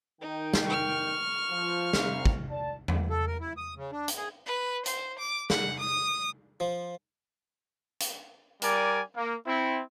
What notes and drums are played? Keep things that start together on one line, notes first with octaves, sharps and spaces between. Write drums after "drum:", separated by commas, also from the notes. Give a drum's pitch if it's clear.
D#3 D#4 G5
drum: snare
C#6 F6
F3
C2 C3 F5, drum: snare
drum: kick
D5 A5
drum: tom E2
A4
A#4
E4
D#6
C#3
D4
drum: hi-hat
G#4
B4
C5, drum: hi-hat
D6
F#5, drum: snare
D#6
F3
drum: hi-hat
G3 A#4 D5 G#5, drum: hi-hat
A#3
C4 E4